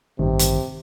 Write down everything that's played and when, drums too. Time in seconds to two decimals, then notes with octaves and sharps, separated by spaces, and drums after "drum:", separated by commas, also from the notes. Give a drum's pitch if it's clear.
0.19 A1 G2 C3 D#3
0.39 drum: hi-hat